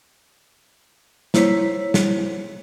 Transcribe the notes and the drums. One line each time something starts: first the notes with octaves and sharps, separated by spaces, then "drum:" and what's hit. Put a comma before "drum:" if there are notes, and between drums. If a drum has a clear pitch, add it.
A#3 E4 C5 C#5 B6, drum: snare
drum: snare